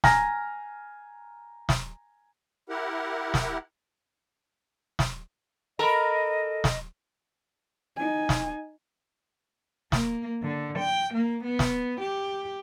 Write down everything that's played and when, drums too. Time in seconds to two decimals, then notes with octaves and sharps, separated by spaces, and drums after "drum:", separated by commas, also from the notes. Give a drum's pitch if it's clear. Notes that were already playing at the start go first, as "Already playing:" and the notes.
0.04 G#5 A#5 F6 A#6, drum: snare
1.69 drum: snare
2.69 E4 G4 A#4 F#5
3.34 drum: snare
4.99 drum: snare
5.79 A4 A#4 D#5 A#5 B5
6.64 drum: snare
7.97 D#4 G#5
8.29 drum: snare
9.92 A#3, drum: snare
10.42 D3
10.79 G5
11.14 A#3
11.44 B3
11.59 drum: snare
12.01 G4